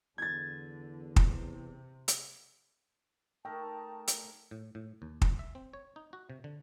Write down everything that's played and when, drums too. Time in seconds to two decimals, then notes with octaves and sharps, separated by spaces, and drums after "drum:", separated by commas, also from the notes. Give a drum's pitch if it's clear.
0.18 E2 D3 G#6 A6
1.16 drum: kick
1.28 C3
2.08 drum: hi-hat
3.45 A3 D#4 A#4 G5 A5
4.07 drum: hi-hat
4.51 A2
4.75 A2
5.02 D#2
5.22 drum: kick
5.39 E5
5.55 C4
5.73 C#5
5.96 D#4
6.13 F#4
6.30 C3
6.44 D3